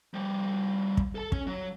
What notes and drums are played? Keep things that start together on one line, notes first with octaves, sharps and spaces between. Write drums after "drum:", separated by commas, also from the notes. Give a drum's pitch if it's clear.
F3 G3
drum: kick
A4 A5
C#4, drum: kick
F#3